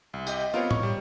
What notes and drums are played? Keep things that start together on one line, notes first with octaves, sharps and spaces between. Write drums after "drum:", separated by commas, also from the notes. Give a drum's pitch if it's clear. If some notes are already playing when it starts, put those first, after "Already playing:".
C2
G4 D#5, drum: tambourine
B3 C4 F4 A#4 C#5
C#6, drum: tom A2
G3